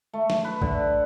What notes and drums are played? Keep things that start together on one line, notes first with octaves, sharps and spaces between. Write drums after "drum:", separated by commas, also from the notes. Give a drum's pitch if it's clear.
A3
drum: snare
B4
D3, drum: kick